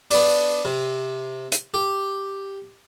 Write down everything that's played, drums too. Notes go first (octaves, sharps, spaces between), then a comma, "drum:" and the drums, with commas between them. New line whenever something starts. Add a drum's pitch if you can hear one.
B3 D4, drum: open hi-hat
C3
drum: hi-hat
G4